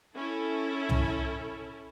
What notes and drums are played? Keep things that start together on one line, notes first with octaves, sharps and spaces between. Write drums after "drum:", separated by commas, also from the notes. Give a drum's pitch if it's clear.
C#4 E4 A4
drum: tom C2